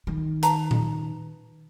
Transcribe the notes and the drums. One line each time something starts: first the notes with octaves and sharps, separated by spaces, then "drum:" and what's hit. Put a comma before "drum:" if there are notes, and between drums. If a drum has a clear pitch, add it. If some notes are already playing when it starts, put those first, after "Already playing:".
D#3
B4 A5 A#5, drum: hi-hat
drum: tom